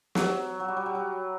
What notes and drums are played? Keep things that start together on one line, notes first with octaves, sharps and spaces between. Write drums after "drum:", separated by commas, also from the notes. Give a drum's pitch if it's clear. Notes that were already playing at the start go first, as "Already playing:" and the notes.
F#3, drum: snare
F#3
G3
F#3
G3
F#3